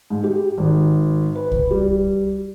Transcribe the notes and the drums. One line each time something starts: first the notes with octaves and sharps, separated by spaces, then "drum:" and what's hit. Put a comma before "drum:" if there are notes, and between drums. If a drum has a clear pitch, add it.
G#2
G4
G#1
B4
drum: kick C2
G3